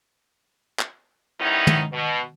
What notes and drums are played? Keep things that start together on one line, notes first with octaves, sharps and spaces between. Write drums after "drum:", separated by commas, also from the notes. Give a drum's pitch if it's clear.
drum: clap
D#3 G3 B3 C#4 D#4 E4
drum: tom
B2